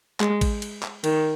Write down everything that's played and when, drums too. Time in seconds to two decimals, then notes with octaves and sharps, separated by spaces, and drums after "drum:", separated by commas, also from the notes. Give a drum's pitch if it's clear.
0.20 G#3, drum: clap
0.41 drum: kick A1, cymbal
0.62 drum: cymbal
0.83 drum: clap
1.04 D#3, drum: cymbal